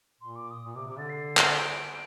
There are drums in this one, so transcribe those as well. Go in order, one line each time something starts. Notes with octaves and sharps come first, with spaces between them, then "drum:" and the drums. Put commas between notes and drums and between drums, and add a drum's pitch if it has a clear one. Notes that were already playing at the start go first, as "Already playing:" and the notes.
A#2 C6
D6
D#6
A#2
C3 D6
C3 D6
D3 A6
C7
drum: clap
D7